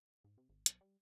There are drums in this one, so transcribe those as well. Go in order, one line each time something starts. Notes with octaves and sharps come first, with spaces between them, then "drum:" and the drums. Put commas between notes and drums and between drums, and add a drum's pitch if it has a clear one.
G#2
C3
G#1
B1, drum: hi-hat
G3